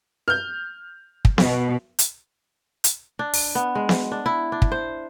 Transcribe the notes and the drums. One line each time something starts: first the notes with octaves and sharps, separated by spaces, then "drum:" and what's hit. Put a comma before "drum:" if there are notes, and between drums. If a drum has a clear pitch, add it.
F6 G6
drum: kick
B2, drum: snare B3
drum: hi-hat
drum: hi-hat
D4
drum: open hi-hat
B3
G#3
drum: snare B3
D4
E4
D4
drum: kick
C5